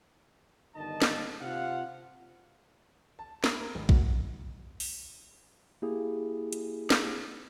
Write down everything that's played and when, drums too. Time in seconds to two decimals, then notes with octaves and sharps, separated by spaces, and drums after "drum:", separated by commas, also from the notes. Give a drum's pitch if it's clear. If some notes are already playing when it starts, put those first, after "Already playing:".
0.75 G1 D#3 D#4 D#5 A5
1.02 drum: snare
1.42 C3 F4 G4 F5 F#5
3.19 A5
3.44 B5, drum: snare
3.60 A#4
3.75 G#1
3.89 F#4, drum: kick A#1
4.80 drum: open hi-hat
5.82 A#3 E4 G4 G#4
6.53 drum: hi-hat
6.90 drum: snare